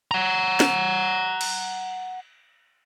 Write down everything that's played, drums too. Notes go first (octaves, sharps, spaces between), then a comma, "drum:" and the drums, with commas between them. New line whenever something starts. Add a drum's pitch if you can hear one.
F#5 A#5
drum: snare
drum: cymbal